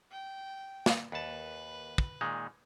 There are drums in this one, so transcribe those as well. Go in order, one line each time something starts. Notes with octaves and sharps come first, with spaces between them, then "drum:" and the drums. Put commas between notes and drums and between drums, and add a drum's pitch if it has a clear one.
G5
drum: snare
D#2 B4 A5
drum: kick
A#2 D#3 G#3